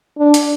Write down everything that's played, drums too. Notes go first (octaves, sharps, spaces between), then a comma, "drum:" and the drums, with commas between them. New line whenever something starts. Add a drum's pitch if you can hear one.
D4
drum: hi-hat